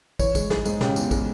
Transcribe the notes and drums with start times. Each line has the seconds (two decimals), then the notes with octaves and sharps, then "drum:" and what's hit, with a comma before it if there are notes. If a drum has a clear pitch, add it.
0.19 E3 C#5, drum: kick, tambourine
0.35 G#3, drum: kick, tambourine
0.50 G#2 G#4, drum: snare
0.65 G#2, drum: tambourine
0.81 C#3 G4, drum: snare
0.96 E2, drum: tambourine
1.11 G#3, drum: kick, tambourine